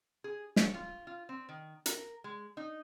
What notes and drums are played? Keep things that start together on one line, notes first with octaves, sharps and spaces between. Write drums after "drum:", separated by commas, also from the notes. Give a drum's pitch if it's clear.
G#4
C#5, drum: snare
F4
F4
C4
D#3
A#4, drum: hi-hat
G#3
D#4